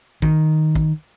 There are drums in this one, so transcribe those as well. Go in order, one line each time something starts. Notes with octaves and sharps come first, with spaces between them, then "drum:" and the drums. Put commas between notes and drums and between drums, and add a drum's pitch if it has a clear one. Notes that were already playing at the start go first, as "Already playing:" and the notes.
D#3, drum: kick
drum: kick